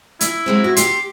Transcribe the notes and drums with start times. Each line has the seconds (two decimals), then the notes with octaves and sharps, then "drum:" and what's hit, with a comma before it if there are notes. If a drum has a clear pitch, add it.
0.21 E4, drum: hi-hat
0.46 F#3 G#3 C4
0.64 F#4
0.77 G4 C6, drum: hi-hat